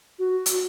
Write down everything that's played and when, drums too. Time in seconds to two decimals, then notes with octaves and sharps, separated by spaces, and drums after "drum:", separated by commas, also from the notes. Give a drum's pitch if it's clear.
0.19 F#4
0.46 drum: hi-hat